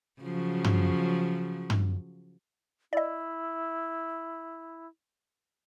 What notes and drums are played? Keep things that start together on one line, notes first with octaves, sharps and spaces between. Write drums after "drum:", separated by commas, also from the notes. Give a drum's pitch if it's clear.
C#3 F3 F#3
drum: tom
drum: tom
E4 D5 D#5